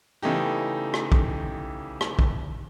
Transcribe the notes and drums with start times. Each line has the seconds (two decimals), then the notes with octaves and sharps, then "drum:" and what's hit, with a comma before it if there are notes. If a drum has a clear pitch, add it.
0.22 C#3 E3 A3 D#4 G4
0.94 drum: rim click
1.12 drum: kick
2.01 drum: rim click
2.19 drum: kick